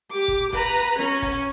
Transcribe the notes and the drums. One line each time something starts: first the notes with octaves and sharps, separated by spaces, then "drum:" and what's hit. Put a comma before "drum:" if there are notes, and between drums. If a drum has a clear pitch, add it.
G4 D6
drum: kick
B4 A#5, drum: kick, hi-hat
drum: hi-hat
C#4, drum: snare
drum: kick, hi-hat